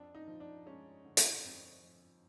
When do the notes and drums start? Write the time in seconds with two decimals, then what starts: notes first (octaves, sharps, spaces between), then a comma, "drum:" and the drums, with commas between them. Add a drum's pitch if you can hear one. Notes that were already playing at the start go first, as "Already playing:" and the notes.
Already playing: F2 D4
0.15 D#4
0.27 F3
0.40 D4
0.66 G#3 C#4
1.05 D3
1.17 drum: hi-hat
1.44 F2 C4
1.83 F3